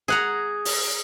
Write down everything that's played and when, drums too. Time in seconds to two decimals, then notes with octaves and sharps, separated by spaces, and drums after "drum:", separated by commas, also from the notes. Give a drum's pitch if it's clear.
0.08 G#4 F#5 A#5, drum: snare
0.65 drum: open hi-hat